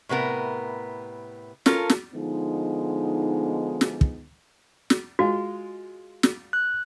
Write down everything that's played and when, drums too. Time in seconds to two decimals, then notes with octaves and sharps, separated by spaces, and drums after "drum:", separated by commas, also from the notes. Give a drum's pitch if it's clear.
0.09 A2 C3 B3 A#4
1.66 C#4 F4 A4 A#4, drum: snare
1.90 drum: snare
2.13 D3 F3 G#3 B3 D#4
3.81 drum: snare
4.01 drum: kick
4.90 drum: snare
5.19 G#3 F4 F#4
6.23 drum: snare
6.53 F#6